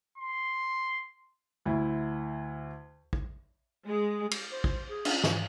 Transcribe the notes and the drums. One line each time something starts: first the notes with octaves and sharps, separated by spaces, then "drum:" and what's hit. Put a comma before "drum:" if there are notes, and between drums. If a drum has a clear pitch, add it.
C6
D2 E4
drum: kick
G#3
drum: cymbal
C5
drum: kick
G#4
C#4 D4 F4, drum: cymbal
G#2 E3, drum: snare